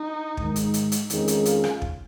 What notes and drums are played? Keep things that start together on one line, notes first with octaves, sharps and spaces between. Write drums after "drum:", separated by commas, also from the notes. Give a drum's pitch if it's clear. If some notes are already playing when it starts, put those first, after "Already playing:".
Already playing: D#4
G#2 D#3 G#3, drum: kick
drum: hi-hat
drum: hi-hat
drum: hi-hat
F2 D#3 G#3 C#4 D#4 G#4, drum: hi-hat
drum: hi-hat
F4, drum: hi-hat
drum: rim click
drum: kick